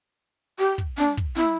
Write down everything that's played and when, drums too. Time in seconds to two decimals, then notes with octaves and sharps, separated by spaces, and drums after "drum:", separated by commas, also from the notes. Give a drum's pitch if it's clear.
0.59 G4, drum: hi-hat
0.78 drum: kick
0.98 D4, drum: snare
1.17 drum: kick
1.36 E4, drum: snare